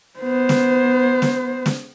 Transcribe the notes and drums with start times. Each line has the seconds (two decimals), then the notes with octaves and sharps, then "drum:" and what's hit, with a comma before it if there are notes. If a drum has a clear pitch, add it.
0.20 B3 C5
0.49 drum: snare
1.22 drum: snare
1.66 drum: snare